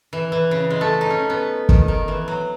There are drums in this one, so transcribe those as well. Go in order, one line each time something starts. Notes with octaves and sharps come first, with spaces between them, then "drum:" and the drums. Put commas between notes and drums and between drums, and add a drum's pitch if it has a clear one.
E3
E3
C#3
G#3
A3
D#4
C#4
B3
D#3, drum: kick
D#3
E3
F#3